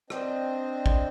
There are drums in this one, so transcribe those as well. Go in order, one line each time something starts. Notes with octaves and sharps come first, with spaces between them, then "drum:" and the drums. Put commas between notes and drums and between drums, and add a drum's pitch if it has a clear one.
C4 D4 C5 D#5, drum: rim click
drum: kick